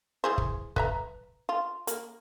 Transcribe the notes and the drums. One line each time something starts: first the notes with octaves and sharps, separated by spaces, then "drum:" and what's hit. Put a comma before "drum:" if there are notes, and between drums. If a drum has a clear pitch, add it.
E3 G#4 C5
drum: kick
B4 E5 A#5, drum: kick
F4
A#3, drum: hi-hat